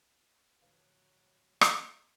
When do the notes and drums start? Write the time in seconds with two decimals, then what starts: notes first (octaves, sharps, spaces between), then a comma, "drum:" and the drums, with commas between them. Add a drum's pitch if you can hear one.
0.62 A2 D3 F3 F#3 B4 F5
1.61 drum: rim click